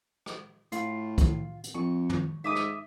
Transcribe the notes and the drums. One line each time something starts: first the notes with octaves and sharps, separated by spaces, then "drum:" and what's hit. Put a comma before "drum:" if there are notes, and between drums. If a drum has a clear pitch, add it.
drum: rim click
A2 F4, drum: hi-hat
drum: kick, hi-hat
drum: hi-hat
F2 C#6
drum: tom
G#2 E5 D6 D#6
drum: rim click